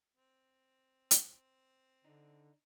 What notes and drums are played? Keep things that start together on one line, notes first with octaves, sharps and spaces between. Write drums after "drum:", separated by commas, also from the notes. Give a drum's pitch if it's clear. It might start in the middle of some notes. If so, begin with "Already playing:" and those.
C4
drum: hi-hat
D3 D4 D#4